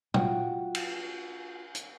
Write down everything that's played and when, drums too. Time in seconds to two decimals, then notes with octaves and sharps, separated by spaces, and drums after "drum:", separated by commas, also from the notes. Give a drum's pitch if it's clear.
0.14 F4 F#4 F#5 G5, drum: tom
0.75 drum: cymbal
1.75 drum: hi-hat